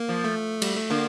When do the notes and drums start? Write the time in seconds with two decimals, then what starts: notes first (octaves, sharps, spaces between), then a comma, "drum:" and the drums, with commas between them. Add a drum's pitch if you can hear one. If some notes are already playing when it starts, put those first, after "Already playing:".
Already playing: A#3
0.09 F3
0.24 A3
0.62 G3, drum: cymbal
0.76 A3
0.90 D3 A#3